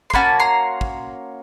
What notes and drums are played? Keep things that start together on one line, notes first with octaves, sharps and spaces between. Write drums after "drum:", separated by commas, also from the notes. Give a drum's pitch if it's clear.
C6
A#3 C#4 F#4 A5 B5, drum: kick
A#5 C6
drum: kick